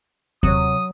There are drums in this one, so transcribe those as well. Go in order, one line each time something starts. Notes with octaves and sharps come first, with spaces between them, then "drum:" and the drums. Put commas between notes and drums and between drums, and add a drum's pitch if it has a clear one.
C3 F#3 C#5 D#6, drum: kick D#2